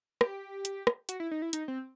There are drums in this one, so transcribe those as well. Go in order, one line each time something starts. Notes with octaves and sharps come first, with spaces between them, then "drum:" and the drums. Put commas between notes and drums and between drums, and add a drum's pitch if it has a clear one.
G4, drum: rim click
drum: hi-hat
drum: rim click
F#4, drum: hi-hat
E4
D#4
E4
D#4, drum: hi-hat
C4